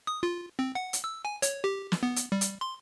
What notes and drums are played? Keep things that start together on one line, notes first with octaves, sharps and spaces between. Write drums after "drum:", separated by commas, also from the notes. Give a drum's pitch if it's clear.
D#6
F4
C4
F#5
drum: hi-hat
E6
G#5
C#5, drum: hi-hat
G4
drum: snare
B3
drum: hi-hat
G3
drum: hi-hat
C6